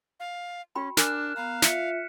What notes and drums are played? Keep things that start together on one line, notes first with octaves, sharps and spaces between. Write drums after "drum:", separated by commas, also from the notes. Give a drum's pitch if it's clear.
F5
C#4 F#4 G5 B5
D4 A#4 G#5 D6 F6 F#6 E7, drum: snare
B3 F5 A#5
F4 D5 E5 B6 C#7, drum: snare